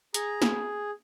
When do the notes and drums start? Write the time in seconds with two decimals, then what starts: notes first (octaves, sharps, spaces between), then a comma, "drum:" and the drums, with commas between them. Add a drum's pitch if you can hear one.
0.14 G#4 A#5, drum: hi-hat
0.42 drum: snare